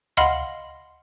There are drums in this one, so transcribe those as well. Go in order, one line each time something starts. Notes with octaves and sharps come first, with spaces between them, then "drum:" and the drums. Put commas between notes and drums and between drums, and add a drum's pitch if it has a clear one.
D#5 F5 F#5 B5 C6 F6, drum: tom D2